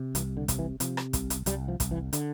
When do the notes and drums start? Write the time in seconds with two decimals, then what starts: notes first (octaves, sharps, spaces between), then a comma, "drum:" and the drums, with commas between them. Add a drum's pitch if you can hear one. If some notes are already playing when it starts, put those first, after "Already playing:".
Already playing: C3
0.15 C2 E3, drum: hi-hat
0.37 D3
0.48 C3, drum: kick, hi-hat
0.59 E3
0.80 C3 F3, drum: hi-hat
0.97 drum: rim click
1.13 C2, drum: kick, hi-hat
1.30 drum: hi-hat
1.46 C2 G3, drum: hi-hat
1.68 F3
1.80 C2, drum: kick, hi-hat
1.91 E3
2.13 D3, drum: hi-hat